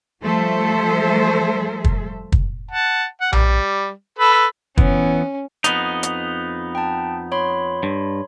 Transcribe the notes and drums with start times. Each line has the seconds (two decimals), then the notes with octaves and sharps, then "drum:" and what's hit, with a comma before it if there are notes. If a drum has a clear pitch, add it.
0.21 F3 G3 A3 A4 C5 E5
1.84 drum: kick
2.32 drum: kick
2.71 F#5 A5
3.21 F#5
3.33 G3, drum: tom A#1
4.19 A4 B4 B5
4.78 E3 B3 C#4, drum: kick
5.64 F2 B3 D#4, drum: hi-hat
6.03 drum: hi-hat
6.75 G5 A5
7.32 C#5 B5 C6
7.83 G2